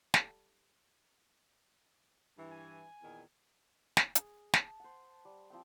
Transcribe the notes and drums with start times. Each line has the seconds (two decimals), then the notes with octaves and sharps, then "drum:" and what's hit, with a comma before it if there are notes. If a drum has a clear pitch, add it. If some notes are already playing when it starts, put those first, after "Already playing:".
0.14 G3 A4 F5, drum: snare
2.37 G2 E3
2.51 G#5
3.03 E2 A#2 D#3
3.97 drum: snare
4.15 G#4, drum: hi-hat
4.53 A5, drum: snare
4.80 C5 F#5
5.25 G3
5.50 F3 C4 G5